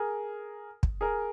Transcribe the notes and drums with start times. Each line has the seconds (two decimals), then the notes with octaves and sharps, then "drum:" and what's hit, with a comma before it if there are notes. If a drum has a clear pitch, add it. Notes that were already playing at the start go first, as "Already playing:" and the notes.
Already playing: G#4 A#4
0.83 drum: kick
1.01 G#4 A#4